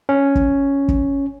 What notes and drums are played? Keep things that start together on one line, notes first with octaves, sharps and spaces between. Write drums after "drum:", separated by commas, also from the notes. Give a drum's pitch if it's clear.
C#4
drum: kick
drum: kick